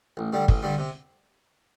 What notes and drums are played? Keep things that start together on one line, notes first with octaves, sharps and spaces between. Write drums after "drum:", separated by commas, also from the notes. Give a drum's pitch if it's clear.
A1
G2 D3 G3
A1, drum: kick
G2 D3 G3
C3